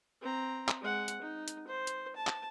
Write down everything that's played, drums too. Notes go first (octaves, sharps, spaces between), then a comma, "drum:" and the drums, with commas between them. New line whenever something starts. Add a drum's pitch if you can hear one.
C4 A#5
drum: clap
G#3 F#5
drum: hi-hat
D#4
drum: hi-hat
C5
drum: hi-hat
A5
drum: clap